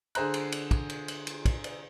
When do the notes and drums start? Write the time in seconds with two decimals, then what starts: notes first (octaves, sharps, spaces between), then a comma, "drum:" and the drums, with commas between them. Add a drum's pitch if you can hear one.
0.15 D3 G#4 C5 A#5 F#6, drum: cymbal
0.34 drum: cymbal
0.52 drum: cymbal
0.71 drum: kick, cymbal
0.90 drum: cymbal
1.08 drum: cymbal
1.27 drum: cymbal
1.45 drum: kick, cymbal
1.64 drum: cymbal